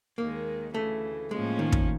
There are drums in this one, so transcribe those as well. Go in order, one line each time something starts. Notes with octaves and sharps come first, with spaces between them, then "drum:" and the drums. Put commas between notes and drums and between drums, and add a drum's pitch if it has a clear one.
D#2 D#3 G#3 A#3
D2 C#3 E3 A3
A2 F3 G#3 A#3 C#4
D#3
drum: kick